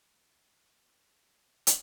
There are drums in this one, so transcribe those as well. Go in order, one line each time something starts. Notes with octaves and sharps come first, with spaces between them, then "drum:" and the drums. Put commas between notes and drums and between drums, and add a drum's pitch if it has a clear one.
E4
B5
C6
C#4
G#5
drum: hi-hat